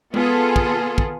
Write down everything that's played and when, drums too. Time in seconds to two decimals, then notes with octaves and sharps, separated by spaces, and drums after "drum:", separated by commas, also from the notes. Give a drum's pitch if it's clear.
0.14 B3 F4 G#4 A4, drum: tom G#3
0.56 drum: kick
0.98 drum: kick